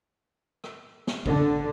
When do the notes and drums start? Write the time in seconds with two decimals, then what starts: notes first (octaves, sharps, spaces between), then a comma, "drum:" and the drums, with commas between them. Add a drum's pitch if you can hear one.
0.64 drum: rim click
1.07 drum: snare
1.26 D3, drum: kick